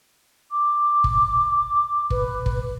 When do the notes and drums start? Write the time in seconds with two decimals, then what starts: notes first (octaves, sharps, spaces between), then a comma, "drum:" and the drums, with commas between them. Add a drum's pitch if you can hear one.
0.51 D6
1.04 drum: kick
2.10 B4, drum: kick
2.46 drum: kick